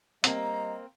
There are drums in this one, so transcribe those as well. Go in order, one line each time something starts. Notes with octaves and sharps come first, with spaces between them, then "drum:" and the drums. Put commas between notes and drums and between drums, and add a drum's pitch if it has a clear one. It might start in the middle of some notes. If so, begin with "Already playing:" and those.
G3 A#3 C4 D#5 A#5, drum: hi-hat